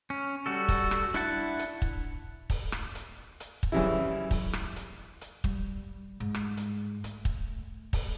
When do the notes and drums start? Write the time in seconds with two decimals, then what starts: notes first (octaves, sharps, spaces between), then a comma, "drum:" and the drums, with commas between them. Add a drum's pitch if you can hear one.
0.10 C#4
0.46 G3 F#4 A4
0.69 drum: kick, open hi-hat
0.91 drum: rim click
1.14 D4 E4 F#5 A5, drum: hi-hat
1.59 drum: hi-hat
1.82 drum: kick
2.50 drum: kick, open hi-hat
2.72 drum: rim click
2.95 drum: hi-hat
3.40 drum: hi-hat
3.63 drum: kick
3.72 F#2 C#3 E3 G3 E4
4.31 drum: kick, open hi-hat
4.53 drum: rim click
4.76 drum: hi-hat
5.21 drum: hi-hat
5.44 G3, drum: kick
6.20 G#2
6.34 drum: rim click
6.57 drum: hi-hat
7.04 A3, drum: hi-hat
7.25 drum: kick
7.93 drum: kick, open hi-hat